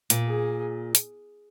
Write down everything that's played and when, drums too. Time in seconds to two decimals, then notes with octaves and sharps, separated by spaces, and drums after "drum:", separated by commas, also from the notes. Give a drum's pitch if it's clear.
0.10 A#2, drum: hi-hat
0.27 G#4
0.95 drum: hi-hat